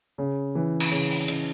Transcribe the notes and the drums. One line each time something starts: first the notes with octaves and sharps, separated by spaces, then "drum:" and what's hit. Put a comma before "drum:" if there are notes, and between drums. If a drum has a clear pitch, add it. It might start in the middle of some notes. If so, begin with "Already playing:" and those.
C#3
E3
drum: cymbal
C#3
drum: open hi-hat
C#3, drum: cymbal